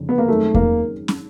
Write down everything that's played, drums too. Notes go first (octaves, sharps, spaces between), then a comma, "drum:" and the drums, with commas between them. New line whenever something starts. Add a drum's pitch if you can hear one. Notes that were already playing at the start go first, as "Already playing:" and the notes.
Already playing: F#1 F2 D3
B3
A#3
F#2 D#3 G#3 A3 C4 D#4
A#3, drum: kick E2
drum: snare